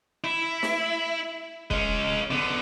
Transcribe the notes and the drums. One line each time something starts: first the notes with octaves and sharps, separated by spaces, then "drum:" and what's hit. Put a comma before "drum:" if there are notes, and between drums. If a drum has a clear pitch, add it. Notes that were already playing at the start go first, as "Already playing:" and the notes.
E4
drum: snare
G#3 C#4, drum: kick
D3 B3